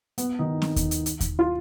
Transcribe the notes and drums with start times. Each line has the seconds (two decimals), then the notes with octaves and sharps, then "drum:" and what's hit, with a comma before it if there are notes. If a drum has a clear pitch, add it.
0.18 B3, drum: hi-hat
0.39 D#3 D#4
0.62 drum: snare C4
0.76 drum: kick D#2, hi-hat
0.91 drum: hi-hat
1.06 drum: hi-hat
1.20 drum: kick D#2, hi-hat
1.39 F4